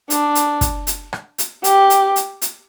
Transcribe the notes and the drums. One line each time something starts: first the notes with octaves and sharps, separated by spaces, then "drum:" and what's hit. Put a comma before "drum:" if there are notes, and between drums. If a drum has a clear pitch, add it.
D4, drum: hi-hat
drum: hi-hat
drum: kick, hi-hat
drum: hi-hat
drum: rim click
drum: hi-hat
G4, drum: hi-hat
drum: hi-hat
drum: hi-hat
drum: hi-hat